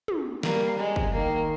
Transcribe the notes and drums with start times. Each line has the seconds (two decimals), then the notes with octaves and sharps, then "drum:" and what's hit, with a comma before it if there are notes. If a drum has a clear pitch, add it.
0.08 drum: tom
0.43 G3 A#3, drum: snare
0.79 G#3
0.96 drum: kick
1.13 D#3 A#3